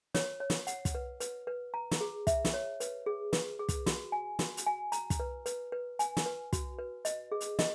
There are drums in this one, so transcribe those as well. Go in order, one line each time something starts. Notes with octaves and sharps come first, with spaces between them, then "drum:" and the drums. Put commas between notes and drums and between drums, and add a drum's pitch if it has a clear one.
C#5, drum: snare
C#5
drum: snare
F#5, drum: hi-hat
drum: kick, hi-hat
B4
B4, drum: hi-hat
B4
A#5
drum: snare
G#4
E5, drum: kick, hi-hat
drum: snare
C#5
B4, drum: hi-hat
G#4
B4, drum: snare
G#4
drum: kick, hi-hat
F#4, drum: snare
G#5
F#4, drum: snare
drum: hi-hat
G#5
A#5, drum: hi-hat
drum: kick, hi-hat
B4
B4, drum: hi-hat
B4
G#5, drum: hi-hat
drum: snare
B4
F#4, drum: kick, hi-hat
B4
D#5, drum: hi-hat
G#4
drum: hi-hat
D#5, drum: snare